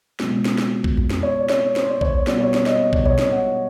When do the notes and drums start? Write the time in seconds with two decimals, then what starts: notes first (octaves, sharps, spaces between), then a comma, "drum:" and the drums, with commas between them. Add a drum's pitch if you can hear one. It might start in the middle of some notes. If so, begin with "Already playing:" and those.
0.20 C#2 B2 F#3, drum: snare
0.45 drum: snare
0.58 drum: snare
0.84 drum: kick A#1
0.97 drum: tom E2
1.10 drum: snare
1.23 C#5
1.40 D5
1.49 C#5, drum: snare
1.76 C5, drum: snare
1.89 D5
2.01 C#5, drum: kick A#1
2.27 B2 G3 B3 D5, drum: snare
2.40 C#5
2.54 D5, drum: snare
2.66 D#5, drum: snare
2.80 D#5
2.93 D5, drum: kick A#1
3.05 C#5, drum: tom A#2
3.19 drum: snare
3.32 F#5